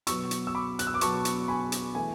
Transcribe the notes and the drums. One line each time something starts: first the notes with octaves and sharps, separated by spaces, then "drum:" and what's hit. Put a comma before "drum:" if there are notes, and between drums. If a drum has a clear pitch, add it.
B2 F#3 B3 C#6 E6, drum: hi-hat
drum: hi-hat
E6
B5 D6
F#6, drum: hi-hat
E6
D6
B2 F#3 B3 A5 C#6, drum: hi-hat
drum: hi-hat
G#5 B5
drum: hi-hat
E3 A3 E4 G#5